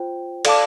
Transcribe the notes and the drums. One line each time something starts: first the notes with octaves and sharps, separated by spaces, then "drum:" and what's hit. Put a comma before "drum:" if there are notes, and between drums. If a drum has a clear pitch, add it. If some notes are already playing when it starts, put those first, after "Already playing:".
Already playing: F4 C5 G5
A4 D5 F5 A5 D6, drum: cymbal